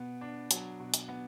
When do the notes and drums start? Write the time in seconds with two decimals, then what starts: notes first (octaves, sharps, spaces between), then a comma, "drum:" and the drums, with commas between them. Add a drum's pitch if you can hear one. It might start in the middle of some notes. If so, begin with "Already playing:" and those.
Already playing: B2 B3
0.21 D4
0.51 F#3, drum: hi-hat
0.80 B2
0.94 drum: hi-hat
1.09 B3